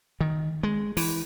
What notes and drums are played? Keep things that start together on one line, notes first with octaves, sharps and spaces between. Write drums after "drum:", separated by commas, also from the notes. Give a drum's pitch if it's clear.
D#3
G#3
E3, drum: open hi-hat